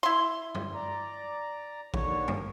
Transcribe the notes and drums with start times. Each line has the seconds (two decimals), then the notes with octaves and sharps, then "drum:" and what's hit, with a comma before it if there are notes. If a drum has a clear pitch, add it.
0.03 E4 C6
0.55 drum: tom F#2
0.74 D5 A#5
1.94 D#2 D3 C#5, drum: kick A1
2.28 drum: tom F#2